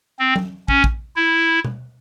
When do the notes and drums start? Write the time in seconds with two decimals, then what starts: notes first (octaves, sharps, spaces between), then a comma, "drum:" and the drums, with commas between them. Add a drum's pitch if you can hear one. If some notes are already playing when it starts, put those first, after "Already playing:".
0.19 C4
0.36 drum: tom F#3
0.68 C#4, drum: kick
0.84 drum: kick
1.16 E4
1.65 drum: tom